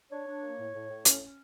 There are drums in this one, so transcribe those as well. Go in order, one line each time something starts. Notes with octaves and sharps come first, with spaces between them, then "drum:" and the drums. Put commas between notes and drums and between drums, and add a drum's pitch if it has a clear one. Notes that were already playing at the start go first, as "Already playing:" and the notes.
D4 C#5
D4
A#3
A2
A2
A2
C#4, drum: hi-hat
C#4